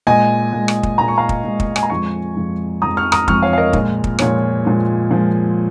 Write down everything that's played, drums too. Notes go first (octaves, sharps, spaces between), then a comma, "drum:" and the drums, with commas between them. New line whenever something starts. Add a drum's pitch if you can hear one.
A#2 G#3 D#5 G#5
A#2 G#3
drum: rim click
drum: kick
A#2 G#3 A#5
C#6
F5 A#5
drum: kick
A#2 G#3
drum: kick
G#5, drum: rim click
A#5
F2 F3 G#3 G#5 C#6
F2 F3 G#3
F2 F3 G#3 A#5 D#6
C#6 F6
A#5 D#6, drum: rim click
F2 F3 G#3 C#6 F6, drum: kick
C#5 F5
F5
A#4 D#5
A#2 F3 G#3, drum: kick
drum: kick
A#2 F3 G#3 C#5, drum: rim click
A#2 F3 G#3
A#2 F3 G#3